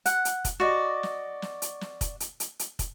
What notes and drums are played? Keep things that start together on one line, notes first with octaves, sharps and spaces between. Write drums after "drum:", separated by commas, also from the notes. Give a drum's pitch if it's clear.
F#5, drum: hi-hat
drum: hi-hat
drum: kick, hi-hat
F#4 D5 D#5
drum: snare
drum: snare
drum: hi-hat
drum: snare
drum: kick, hi-hat
drum: hi-hat
drum: hi-hat
drum: hi-hat
drum: kick, hi-hat